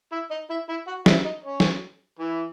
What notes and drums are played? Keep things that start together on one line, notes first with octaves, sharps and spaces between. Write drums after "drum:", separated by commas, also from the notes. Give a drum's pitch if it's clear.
E4 E5
D#4 D#5
E4 E5
E4 E5
F#4 F#5
E4 E5, drum: snare
D#4 D#5
C#4 C#5
drum: snare
E3 E4